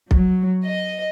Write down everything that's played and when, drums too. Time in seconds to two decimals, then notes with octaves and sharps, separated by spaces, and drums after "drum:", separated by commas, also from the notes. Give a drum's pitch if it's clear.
0.11 F#3, drum: kick B1
0.65 D#5